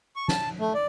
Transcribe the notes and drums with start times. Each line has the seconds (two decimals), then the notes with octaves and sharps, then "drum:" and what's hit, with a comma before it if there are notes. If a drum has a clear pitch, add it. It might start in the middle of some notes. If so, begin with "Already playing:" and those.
0.16 C#6
0.28 A5, drum: snare
0.59 A3
0.74 D5